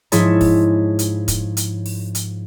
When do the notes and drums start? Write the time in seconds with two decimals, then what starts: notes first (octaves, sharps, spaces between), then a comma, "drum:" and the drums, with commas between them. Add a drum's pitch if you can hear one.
0.12 G#2 F3 E4 G#4 C#5 A5, drum: hi-hat
0.41 drum: kick, open hi-hat
0.99 drum: hi-hat
1.28 drum: kick, hi-hat
1.57 drum: hi-hat
1.86 drum: open hi-hat
2.15 drum: hi-hat